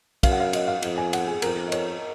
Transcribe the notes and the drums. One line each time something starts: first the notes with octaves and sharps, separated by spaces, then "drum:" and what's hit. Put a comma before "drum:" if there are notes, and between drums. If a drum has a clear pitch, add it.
F#2 F5, drum: kick, cymbal
F#5
F5
D#5, drum: cymbal
F5
F2, drum: cymbal
G#5
F#5, drum: cymbal
G#4
F2 A#4, drum: cymbal
D#5
C#5, drum: cymbal